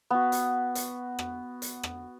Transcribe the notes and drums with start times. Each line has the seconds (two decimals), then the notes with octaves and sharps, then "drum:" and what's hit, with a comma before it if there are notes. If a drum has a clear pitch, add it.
0.10 B3 F#4
0.32 drum: hi-hat
0.75 drum: hi-hat
1.19 drum: rim click
1.62 drum: hi-hat
1.83 drum: rim click